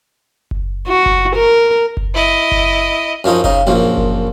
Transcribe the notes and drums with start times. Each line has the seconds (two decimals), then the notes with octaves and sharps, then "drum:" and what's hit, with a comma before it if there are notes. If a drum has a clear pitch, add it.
0.51 drum: kick F#1
0.88 F#4
1.06 drum: kick F#1
1.36 A#4
1.97 drum: kick F#1
2.14 E4 D#5
2.52 drum: kick F#1
3.24 F#2 F3 C#4 D#4
3.44 C#3 D#4, drum: kick F#1
3.67 A#1 F#2 F3
3.97 drum: kick F#1